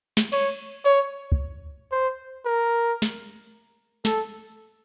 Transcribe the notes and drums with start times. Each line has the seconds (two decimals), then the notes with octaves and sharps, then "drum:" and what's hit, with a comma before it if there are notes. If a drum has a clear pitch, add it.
0.17 drum: snare
0.32 C#5, drum: cymbal
0.85 C#5, drum: hi-hat
1.32 drum: kick
1.92 C5
2.45 A#4
3.02 drum: snare
4.05 A4, drum: snare